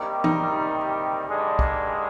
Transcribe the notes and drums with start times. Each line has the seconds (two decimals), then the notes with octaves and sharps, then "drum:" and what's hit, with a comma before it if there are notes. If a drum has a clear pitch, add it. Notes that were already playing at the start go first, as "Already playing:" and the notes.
Already playing: C3 D#3 G3 A#3
0.24 D#4, drum: tom E3
1.28 G2 D3 G#3
1.59 drum: kick B1